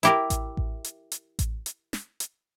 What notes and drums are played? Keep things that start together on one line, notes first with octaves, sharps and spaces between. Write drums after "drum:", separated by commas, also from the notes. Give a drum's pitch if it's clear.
E4 G4 A#4, drum: hi-hat
drum: kick A1, hi-hat
drum: kick A1
drum: hi-hat
drum: hi-hat
drum: kick A1, hi-hat
drum: hi-hat
drum: snare
drum: hi-hat